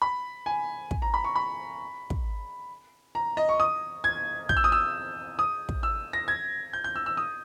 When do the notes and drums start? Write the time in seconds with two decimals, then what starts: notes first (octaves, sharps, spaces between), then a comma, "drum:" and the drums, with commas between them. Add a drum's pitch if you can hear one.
0.02 B5
0.46 G#5
0.91 drum: kick
1.02 A#5
1.14 B5
1.24 C#6
1.36 B5
2.10 drum: kick
3.15 A#5
3.37 D#5
3.49 C#6
3.60 D#6
4.04 G#6
4.49 G6, drum: kick
4.57 E6
4.64 D#6
4.72 E6
5.39 D#6
5.69 drum: kick
5.83 E6
6.13 A#6
6.28 G#6
6.73 G6
6.84 G6
6.96 E6
7.06 E6
7.17 D#6